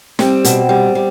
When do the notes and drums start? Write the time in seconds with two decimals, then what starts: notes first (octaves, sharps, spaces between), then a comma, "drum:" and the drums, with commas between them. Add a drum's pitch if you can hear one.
0.19 G3 C4, drum: snare
0.44 B2, drum: hi-hat
0.69 G3
0.95 G3